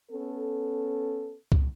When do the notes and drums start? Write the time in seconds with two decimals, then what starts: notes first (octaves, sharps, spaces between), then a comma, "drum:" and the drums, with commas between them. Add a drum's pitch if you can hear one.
0.11 B3 C#4 A4
1.52 drum: kick C#2